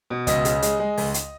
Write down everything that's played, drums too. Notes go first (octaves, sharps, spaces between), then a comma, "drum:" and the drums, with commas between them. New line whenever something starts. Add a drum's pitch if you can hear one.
B2
C#2 D#5, drum: kick, hi-hat
C#3, drum: hi-hat
G#3, drum: hi-hat
G#3
C#2, drum: open hi-hat
drum: hi-hat